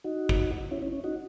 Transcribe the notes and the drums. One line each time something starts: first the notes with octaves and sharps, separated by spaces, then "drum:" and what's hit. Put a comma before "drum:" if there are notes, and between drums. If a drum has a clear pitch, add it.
D#4 F#4
drum: kick
C#4 E4
C#4
C#4
D#4 F#4